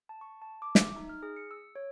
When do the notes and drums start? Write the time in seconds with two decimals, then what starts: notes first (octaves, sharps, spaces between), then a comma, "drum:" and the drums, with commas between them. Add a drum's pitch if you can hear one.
0.09 A5
0.21 C#6
0.42 A5
0.62 D6
0.75 E5, drum: snare
0.96 D#4
1.09 F6
1.23 G#4
1.37 C#7
1.51 E6
1.75 C#5